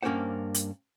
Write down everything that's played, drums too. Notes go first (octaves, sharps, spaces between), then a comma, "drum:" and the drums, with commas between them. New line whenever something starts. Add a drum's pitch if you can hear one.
G2 A#3 C#4 D4 C5 F#5
drum: hi-hat